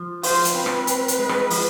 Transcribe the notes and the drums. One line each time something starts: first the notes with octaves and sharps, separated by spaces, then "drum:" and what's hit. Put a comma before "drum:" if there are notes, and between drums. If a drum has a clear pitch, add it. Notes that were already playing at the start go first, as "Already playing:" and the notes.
Already playing: F3
F4 C5, drum: open hi-hat
drum: hi-hat
C4 B4
drum: rim click
C4, drum: hi-hat
drum: hi-hat
G#3
drum: rim click
F3, drum: open hi-hat